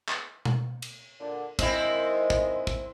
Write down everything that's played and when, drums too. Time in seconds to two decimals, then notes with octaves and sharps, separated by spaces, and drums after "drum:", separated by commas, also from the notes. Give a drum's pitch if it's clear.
0.09 drum: clap
0.45 drum: tom B2
0.82 drum: cymbal
1.19 A#2 D3
1.59 D#3 G#3 C4 E4, drum: kick, cymbal
2.30 drum: kick
2.67 drum: kick